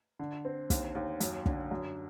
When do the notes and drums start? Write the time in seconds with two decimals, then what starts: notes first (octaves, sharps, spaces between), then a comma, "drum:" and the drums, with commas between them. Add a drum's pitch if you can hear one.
0.19 D3
0.45 C4
0.70 D#2, drum: kick, hi-hat
0.95 D#2
1.20 F#2, drum: hi-hat
1.46 D3, drum: kick
1.71 F#2